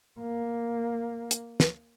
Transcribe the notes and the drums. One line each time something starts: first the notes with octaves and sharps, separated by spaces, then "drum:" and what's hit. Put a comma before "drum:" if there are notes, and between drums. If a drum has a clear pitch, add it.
A#3
drum: hi-hat
drum: snare